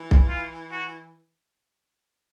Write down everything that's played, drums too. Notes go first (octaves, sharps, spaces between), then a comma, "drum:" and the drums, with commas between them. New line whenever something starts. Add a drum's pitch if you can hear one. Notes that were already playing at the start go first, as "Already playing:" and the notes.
Already playing: E3
drum: kick B1
F4
F#4